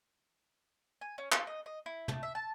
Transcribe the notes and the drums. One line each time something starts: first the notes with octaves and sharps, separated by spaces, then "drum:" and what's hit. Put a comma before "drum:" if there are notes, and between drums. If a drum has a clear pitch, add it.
G#5
C#4
F4, drum: clap
D#5
D#5
E4
A3, drum: tom
E5
A5